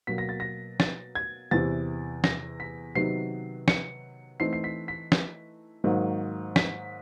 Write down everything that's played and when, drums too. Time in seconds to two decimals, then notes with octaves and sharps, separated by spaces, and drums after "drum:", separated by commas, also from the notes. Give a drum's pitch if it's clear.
0.07 B2 F#3 A#3 B6
0.18 A#6
0.29 A6
0.40 A#6
0.80 A6, drum: snare
1.15 G#6
1.51 E2 C3 E3 A6
2.24 A#6, drum: snare
2.60 B6
2.95 C3 D#3 F#3 B3 D#4 C7
3.68 C#7, drum: snare
4.40 E3 A3 C4 D#4 C7
4.53 C7
4.64 B6
4.88 B6
5.12 drum: snare
5.84 G#2 D#3 F#3 A#3 D#4
6.56 B6, drum: snare